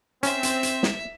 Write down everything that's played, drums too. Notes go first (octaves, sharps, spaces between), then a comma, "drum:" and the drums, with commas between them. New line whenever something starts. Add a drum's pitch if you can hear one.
C4 C#4 E5, drum: hi-hat
drum: hi-hat
drum: hi-hat
drum: snare